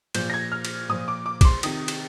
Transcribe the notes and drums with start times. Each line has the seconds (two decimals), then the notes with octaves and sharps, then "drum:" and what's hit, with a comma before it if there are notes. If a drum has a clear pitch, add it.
0.15 A#2 F3 G6, drum: cymbal
0.30 A#6
0.34 G#6
0.52 F6
0.65 drum: cymbal
0.89 A#2 F3 D#6
1.08 D6
1.26 D6
1.41 D6, drum: kick B1, cymbal
1.45 C6
1.63 C3 D#3 D#6, drum: cymbal
1.88 drum: cymbal